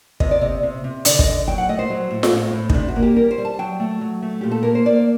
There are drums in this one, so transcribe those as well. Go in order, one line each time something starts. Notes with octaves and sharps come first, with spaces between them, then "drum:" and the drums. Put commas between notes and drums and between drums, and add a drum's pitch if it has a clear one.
C3 D#5, drum: kick
D5
C3 D#5
C3
C3
D3 D5, drum: hi-hat
D#5, drum: kick
D3
F#3 G5
F#5
A3 D#5
C5
F#3
A2
drum: snare F4
A2
A2
D#4, drum: kick
C3 D4
F#4
A#3
G4
G3 A#4
C5
G3
A5
F#3 G5
A3
F#3
A3
A#2 G4
A4
A#3 A#4
C5
A#3 D5